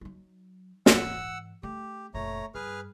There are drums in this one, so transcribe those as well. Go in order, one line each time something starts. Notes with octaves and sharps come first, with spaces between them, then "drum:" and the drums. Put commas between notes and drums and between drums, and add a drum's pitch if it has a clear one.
F#3 D#4
G#2 E3 F#5 E6, drum: snare
A3 G4
F1 A#2 A3 C#5 A#5
G2 G#4 B4 F6